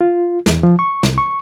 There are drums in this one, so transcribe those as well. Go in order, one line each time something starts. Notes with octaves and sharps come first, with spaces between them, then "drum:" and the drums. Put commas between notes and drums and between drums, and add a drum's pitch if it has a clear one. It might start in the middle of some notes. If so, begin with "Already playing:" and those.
F4
E2, drum: snare
F3
C#6
C2, drum: snare
C#6